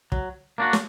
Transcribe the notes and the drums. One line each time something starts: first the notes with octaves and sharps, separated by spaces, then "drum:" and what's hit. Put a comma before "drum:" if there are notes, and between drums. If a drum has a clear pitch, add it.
F#3, drum: kick
A#3 D4 F#4
drum: snare